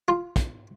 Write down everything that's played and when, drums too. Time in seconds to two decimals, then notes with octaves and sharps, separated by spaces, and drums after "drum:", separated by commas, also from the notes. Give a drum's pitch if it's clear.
0.08 F4
0.36 drum: kick, hi-hat